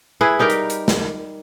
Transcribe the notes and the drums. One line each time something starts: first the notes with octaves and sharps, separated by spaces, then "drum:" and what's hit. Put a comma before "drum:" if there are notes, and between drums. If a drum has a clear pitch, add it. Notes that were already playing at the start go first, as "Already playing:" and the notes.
E4 G#4 B4
G3 D#4 G4 A#4
drum: hi-hat
drum: hi-hat
drum: snare